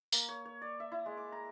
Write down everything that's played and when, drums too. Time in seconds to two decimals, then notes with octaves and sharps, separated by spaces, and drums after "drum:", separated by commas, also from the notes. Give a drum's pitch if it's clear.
0.12 A#3, drum: tambourine
0.29 C#5
0.45 C#5
0.62 D5
0.80 E5
0.92 E4
1.06 G#3
1.17 D6
1.32 A#5